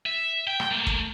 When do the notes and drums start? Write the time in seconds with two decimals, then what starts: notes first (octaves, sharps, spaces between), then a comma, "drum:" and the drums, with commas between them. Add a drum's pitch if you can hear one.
0.06 E5
0.47 G5
0.60 drum: rim click
0.71 A3 A#3
0.87 drum: kick